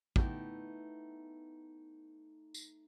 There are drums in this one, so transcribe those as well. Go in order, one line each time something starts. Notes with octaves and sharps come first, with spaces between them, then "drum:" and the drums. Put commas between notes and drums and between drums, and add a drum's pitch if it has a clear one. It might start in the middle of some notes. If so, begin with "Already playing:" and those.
A3 B3 D#4 E4 G4, drum: kick
drum: tambourine